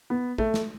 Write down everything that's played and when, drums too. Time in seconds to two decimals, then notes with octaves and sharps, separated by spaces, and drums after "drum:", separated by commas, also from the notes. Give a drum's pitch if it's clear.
0.10 B3
0.38 A3, drum: kick
0.54 drum: snare